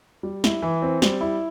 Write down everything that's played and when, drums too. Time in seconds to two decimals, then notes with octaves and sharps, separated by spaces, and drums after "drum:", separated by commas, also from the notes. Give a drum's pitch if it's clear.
0.23 G3
0.44 E4, drum: snare
0.62 E3
0.82 C4
1.02 G3, drum: snare
1.21 E4